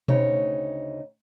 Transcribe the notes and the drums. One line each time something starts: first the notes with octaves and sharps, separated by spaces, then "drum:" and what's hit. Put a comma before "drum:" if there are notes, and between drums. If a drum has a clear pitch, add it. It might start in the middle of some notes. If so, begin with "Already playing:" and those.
D2 C#3 C4 D#4 C#5, drum: tom B2